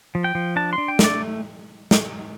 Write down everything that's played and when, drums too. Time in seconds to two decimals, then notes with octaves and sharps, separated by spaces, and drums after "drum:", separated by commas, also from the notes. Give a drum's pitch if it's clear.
0.15 F3
0.24 G5
0.35 F3
0.56 D4 A5
0.73 C6
0.78 D4
0.88 G5
0.99 A3, drum: snare
1.04 D5
1.91 drum: snare